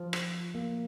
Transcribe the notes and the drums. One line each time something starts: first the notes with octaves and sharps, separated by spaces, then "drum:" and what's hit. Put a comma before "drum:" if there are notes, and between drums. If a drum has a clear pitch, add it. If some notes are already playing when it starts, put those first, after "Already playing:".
Already playing: F3
F4, drum: rim click
F4
A#3